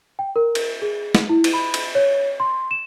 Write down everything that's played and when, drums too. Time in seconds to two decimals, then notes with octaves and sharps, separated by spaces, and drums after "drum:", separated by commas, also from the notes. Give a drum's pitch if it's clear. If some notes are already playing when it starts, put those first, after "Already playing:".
0.19 G5
0.36 A#4
0.55 drum: cymbal
0.82 G#4
1.15 drum: snare
1.29 E4
1.44 drum: cymbal
1.53 B5
1.74 drum: cymbal
1.95 C#5
2.40 C6
2.71 E7